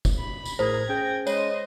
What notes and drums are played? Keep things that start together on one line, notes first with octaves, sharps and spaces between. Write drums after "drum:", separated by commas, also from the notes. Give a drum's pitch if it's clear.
drum: kick F1, tambourine
B5
drum: tambourine
A1 A2 G#4 A#4 C5 G#6 A#6
C#4 G#4 G5
G#3 C5 C#5 D#5, drum: tambourine